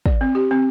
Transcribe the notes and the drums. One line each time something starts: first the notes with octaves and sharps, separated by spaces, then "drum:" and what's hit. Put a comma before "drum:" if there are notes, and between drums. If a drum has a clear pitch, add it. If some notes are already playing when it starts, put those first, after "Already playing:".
D5, drum: kick
C4
G4
C4